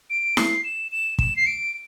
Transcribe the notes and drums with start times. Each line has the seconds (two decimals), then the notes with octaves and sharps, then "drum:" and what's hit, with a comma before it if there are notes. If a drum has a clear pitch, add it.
0.10 D7
0.37 C7, drum: snare E4
0.64 E7
0.92 E7
1.19 E7, drum: kick
1.36 C7
1.46 D7